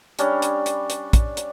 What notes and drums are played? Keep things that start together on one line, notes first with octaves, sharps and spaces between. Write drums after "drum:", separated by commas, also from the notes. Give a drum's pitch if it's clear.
G3 C#4 D4, drum: hi-hat
drum: hi-hat
drum: hi-hat
drum: hi-hat
drum: kick, hi-hat
drum: hi-hat